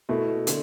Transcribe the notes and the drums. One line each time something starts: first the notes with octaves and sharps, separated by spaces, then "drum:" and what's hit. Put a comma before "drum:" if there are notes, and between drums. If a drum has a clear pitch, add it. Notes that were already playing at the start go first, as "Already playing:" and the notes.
B2 A3 E4
D3 A3, drum: hi-hat